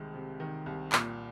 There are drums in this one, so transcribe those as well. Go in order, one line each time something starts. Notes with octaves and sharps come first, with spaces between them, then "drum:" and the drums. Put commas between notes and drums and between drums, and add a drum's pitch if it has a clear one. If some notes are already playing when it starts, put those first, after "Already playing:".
Already playing: C2 C3 D#3 G#3
C3
D#3
C2
A#2, drum: clap